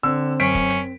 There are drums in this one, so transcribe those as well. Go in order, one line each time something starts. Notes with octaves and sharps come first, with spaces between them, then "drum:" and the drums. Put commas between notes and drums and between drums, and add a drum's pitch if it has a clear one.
D3 C4 E6
F#2 C#4 B6 D7, drum: hi-hat
drum: kick, hi-hat
drum: hi-hat